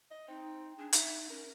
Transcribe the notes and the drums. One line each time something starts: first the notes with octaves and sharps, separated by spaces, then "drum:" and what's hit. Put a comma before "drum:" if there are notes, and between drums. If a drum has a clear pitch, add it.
D#5
C4 D#4
D4 G#4
D#4 E5, drum: hi-hat
C#4 A#4